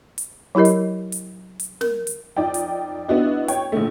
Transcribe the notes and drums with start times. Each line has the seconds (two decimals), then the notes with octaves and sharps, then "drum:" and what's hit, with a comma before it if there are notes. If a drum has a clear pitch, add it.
0.18 drum: hi-hat
0.55 F#3 E4 G4 A#4 D#5
0.65 drum: hi-hat
1.12 drum: hi-hat
1.60 drum: hi-hat
1.81 A#4, drum: snare
2.07 drum: hi-hat
2.36 F2 D#4 D5 G5
2.54 drum: hi-hat
3.08 B3 D4 E4 F#4 D#5
3.48 C#5 G5, drum: hi-hat
3.72 A#1 D3 A3